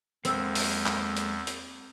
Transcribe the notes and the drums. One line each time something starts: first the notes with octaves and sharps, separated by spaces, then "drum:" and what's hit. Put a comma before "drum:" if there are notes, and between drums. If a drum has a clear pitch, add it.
E2 G#3 A#3 C4, drum: hi-hat
drum: open hi-hat
drum: clap
drum: hi-hat
drum: hi-hat